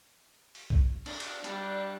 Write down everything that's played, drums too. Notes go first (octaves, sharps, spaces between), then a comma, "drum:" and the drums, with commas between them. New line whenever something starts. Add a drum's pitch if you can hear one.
drum: open hi-hat
drum: kick B1
D4, drum: cymbal
drum: cymbal
G3 D4, drum: hi-hat